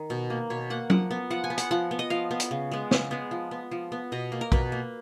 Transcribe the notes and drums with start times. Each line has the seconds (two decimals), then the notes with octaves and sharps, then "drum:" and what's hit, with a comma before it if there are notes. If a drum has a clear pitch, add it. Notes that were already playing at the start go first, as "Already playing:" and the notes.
Already playing: D#3
0.10 B2
0.30 A#3
0.50 B2 C#5
0.70 A#3 F#5
0.90 F3 F#5, drum: tom F#3
1.11 B3
1.30 F3 F#5
1.44 G#5
1.50 B3
1.58 F#5, drum: hi-hat
1.71 F3 F#5
1.91 B3
1.99 D#5
2.10 F3 F5
2.31 B3
2.40 drum: hi-hat
2.51 C#3
2.72 G#3 B3
2.91 C#3, drum: snare
3.11 G#3 B3
3.31 F3
3.51 B3
3.71 F3
3.92 B3
4.12 B2 D#5
4.32 A#3
4.41 A#4
4.52 B2 B4, drum: kick
4.72 A#3